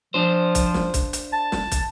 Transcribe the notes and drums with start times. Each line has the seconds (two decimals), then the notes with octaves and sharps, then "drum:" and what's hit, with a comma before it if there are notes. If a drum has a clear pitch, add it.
0.14 F3 D4 F4 C5
0.55 drum: kick, hi-hat
0.74 drum: snare
0.94 drum: kick, hi-hat
1.13 drum: hi-hat
1.33 A5
1.52 drum: snare
1.72 drum: kick, hi-hat